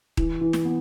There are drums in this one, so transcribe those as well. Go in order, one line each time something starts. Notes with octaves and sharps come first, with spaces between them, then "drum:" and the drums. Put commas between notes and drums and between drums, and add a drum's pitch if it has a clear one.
E3, drum: kick D#1
E3
drum: snare
B3